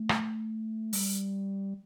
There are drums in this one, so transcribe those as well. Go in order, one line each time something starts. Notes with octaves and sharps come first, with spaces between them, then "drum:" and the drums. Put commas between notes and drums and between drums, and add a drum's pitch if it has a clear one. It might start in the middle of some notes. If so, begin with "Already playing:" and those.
Already playing: A3
drum: rim click
G3, drum: open hi-hat